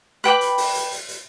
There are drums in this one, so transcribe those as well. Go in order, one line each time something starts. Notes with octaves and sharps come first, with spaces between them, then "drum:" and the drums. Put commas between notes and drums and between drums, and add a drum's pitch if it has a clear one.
B4 G5 B5 D6
drum: hi-hat
drum: open hi-hat
drum: hi-hat
drum: hi-hat
drum: hi-hat